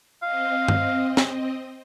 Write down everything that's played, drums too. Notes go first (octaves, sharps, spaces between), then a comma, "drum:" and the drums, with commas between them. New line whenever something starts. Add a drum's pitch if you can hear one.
C4 D#5 F5
drum: tom G2
drum: snare